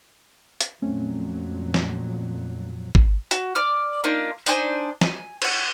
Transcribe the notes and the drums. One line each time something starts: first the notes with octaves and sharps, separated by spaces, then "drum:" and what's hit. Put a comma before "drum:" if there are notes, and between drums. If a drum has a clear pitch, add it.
drum: hi-hat
F2 A#2 F#3 A3 C4 C#4
drum: snare
drum: kick
F#4, drum: hi-hat
D5 D6 F6
A#3 D4 D#4 F4
D4 D#4 C5 G#5, drum: tambourine
G#5, drum: snare
C#5 F#5, drum: cymbal